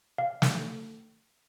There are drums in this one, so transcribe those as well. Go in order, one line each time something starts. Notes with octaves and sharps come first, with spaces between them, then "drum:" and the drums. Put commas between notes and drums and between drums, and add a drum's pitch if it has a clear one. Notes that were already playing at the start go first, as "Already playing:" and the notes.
F5
drum: snare